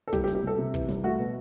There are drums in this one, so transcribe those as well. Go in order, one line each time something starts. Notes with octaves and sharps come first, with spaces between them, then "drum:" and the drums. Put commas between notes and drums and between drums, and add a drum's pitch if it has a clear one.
A4
C2 G4, drum: kick
G4
C3, drum: snare
G4
C2 A4
C3
E3, drum: kick
C2, drum: snare
A3 F#4
B2